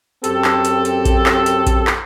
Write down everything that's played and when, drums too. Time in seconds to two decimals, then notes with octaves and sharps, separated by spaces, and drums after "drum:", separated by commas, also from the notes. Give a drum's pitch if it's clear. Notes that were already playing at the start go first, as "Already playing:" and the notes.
0.24 F#2 C4 G4 A4, drum: hi-hat
0.44 drum: clap
0.65 drum: hi-hat
0.85 drum: hi-hat
1.05 drum: kick A#1, hi-hat
1.26 drum: clap
1.46 drum: hi-hat
1.67 drum: kick A#1, hi-hat
1.87 drum: clap